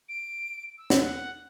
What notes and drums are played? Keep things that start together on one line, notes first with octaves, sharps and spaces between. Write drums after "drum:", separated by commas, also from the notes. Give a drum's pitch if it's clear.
D7
E6
drum: snare
F#5